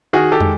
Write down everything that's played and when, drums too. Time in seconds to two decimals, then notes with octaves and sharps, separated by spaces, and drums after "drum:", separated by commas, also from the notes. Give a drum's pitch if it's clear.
0.13 D#3 F#4 G#4
0.32 G4 A4
0.40 G#3, drum: tom